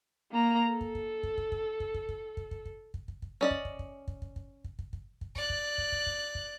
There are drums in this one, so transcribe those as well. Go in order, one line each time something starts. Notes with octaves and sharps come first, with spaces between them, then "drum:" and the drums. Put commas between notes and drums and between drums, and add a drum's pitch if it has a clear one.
A#3 A#5
A4
drum: kick
drum: kick
drum: kick
drum: kick
drum: kick
drum: kick
drum: kick
drum: kick
drum: kick
drum: kick
drum: kick
drum: kick
drum: kick
drum: kick
C#4 D5 D#5
drum: kick
drum: kick
drum: kick
drum: kick
drum: kick
drum: kick
drum: kick
drum: kick
drum: kick
drum: kick
D5 F#6, drum: kick
drum: kick
drum: kick
drum: kick
drum: kick
drum: kick